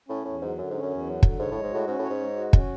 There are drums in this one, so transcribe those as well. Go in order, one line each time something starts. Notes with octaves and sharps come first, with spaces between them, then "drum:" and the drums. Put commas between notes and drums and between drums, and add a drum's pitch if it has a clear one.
A2 C#4
E2 A2
G#2 F#3
F#2 D3
G#2 C#4
F#2
E2
F#3
D3, drum: kick
G#2 C#5
A2 G#3
G#2
A2 F#4
G#2 C#4
A2
C#5
G#2
G#3
F#4
C#4, drum: kick